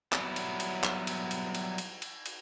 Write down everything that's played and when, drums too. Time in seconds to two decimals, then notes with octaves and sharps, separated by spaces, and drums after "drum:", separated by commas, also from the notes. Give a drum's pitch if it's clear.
0.13 F#3 G3 B3 E4, drum: clap
0.36 drum: cymbal
0.60 drum: cymbal
0.84 drum: clap
1.07 drum: cymbal
1.31 drum: cymbal
1.55 drum: cymbal
1.78 drum: cymbal
2.02 drum: cymbal
2.26 drum: cymbal